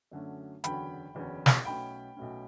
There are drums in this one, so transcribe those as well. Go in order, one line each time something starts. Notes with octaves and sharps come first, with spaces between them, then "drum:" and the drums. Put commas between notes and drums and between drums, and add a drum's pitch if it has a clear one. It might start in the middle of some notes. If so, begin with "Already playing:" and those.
F#2 D3 F#3 A3 C#4
F#1 E2 D3 F#3 C#4 G5 B5, drum: hi-hat
F#1 E2 D3 F#3 C#4
drum: snare
B1 B2 A3 C#4 G5 B5
B1 B2 A3 C#4